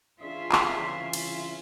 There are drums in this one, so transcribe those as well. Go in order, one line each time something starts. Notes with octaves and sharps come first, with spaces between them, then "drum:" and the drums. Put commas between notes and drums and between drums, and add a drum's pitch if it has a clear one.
E3 C#4 D4 F4 G#4 E5
drum: clap
C2 C#3 E3
drum: cymbal